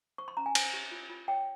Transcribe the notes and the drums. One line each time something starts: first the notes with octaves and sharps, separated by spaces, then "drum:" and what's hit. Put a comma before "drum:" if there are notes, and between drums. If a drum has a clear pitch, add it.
C5 C#6
C6
C#4 A#5
G#5
C5, drum: cymbal
G4
F4
F4
C#5 G5